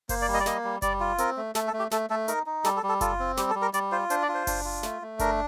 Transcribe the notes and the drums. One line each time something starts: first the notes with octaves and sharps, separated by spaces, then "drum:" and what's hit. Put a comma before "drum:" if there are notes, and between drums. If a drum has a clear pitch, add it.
A#3 C5, drum: kick F#1, open hi-hat
D5
G3
D#5
D5
A#3 D#5, drum: snare
G3
G3 D5, drum: kick F#1, hi-hat
F4
C4 A#4, drum: hi-hat
A3
A3 A4, drum: snare
A4
A3
G4
A3 A4, drum: snare
A3 A4
D#4 A#4, drum: hi-hat
D#4
G3 A4, drum: snare
A4
G3
A4
F4 A4, drum: kick F#1, hi-hat
C4
G3 G4, drum: snare
A4
G3
A#4
G3 D5, drum: hi-hat
F4 C5
D4 C5, drum: hi-hat
D5
F4
C5
D4, drum: kick F#1, open hi-hat
F4
A3, drum: snare
A3
D4 A#4, drum: kick F#1, hi-hat